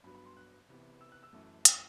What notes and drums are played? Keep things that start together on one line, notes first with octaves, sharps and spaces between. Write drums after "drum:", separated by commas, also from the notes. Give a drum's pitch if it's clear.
G2 F#3 B3 B5
B5
C6
F#6
C3 E3 B3
E6
F#6
E6
F#2 E3 A3
drum: hi-hat